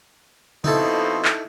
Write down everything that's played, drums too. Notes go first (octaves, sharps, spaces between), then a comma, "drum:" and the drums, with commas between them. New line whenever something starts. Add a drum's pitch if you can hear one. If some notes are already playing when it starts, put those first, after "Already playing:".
F2 B2 D#4 E4 A4 C5, drum: tom C#3
drum: clap